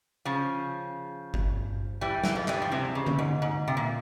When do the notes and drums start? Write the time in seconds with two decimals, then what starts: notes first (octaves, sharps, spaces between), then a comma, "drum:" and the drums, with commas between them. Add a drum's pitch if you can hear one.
0.25 C#3 F3
1.34 drum: kick G1
2.01 E3 G3
2.23 E3, drum: snare
2.36 F3
2.48 E3 G3, drum: clap
2.62 F3
2.72 C3 E3
2.95 C#3
3.06 drum: tom D3
3.19 G#2
3.42 G#2
3.68 C3
3.77 A#2